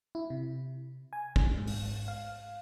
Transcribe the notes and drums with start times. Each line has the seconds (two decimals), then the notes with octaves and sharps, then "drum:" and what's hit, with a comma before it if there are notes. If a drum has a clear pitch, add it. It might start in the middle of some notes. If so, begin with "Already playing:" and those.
0.15 E4
0.30 C3
1.13 G#5
1.36 drum: kick
1.58 G#2
1.68 drum: open hi-hat
2.08 F5